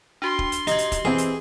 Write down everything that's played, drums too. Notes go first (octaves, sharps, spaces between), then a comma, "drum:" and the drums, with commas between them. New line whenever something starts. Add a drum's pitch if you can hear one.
D4 F#4 C6
drum: kick
drum: hi-hat
D#4 G4 D#5, drum: hi-hat
drum: hi-hat
drum: kick, hi-hat
E3 C4 G#4
drum: hi-hat